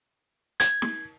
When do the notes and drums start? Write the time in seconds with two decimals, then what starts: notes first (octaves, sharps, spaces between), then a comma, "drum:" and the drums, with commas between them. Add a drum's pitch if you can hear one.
0.60 G#6, drum: hi-hat
0.82 drum: snare